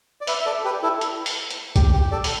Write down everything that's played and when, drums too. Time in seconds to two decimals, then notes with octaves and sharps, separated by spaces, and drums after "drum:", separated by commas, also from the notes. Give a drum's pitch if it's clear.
0.21 D5
0.27 B4 E5, drum: open hi-hat
0.41 E5
0.46 A4 D5
0.64 G4 B4
0.83 E4 A4
1.01 drum: hi-hat
1.26 drum: open hi-hat
1.51 drum: hi-hat
1.76 G4, drum: kick, hi-hat
1.93 G4
2.12 A4 D5
2.24 drum: open hi-hat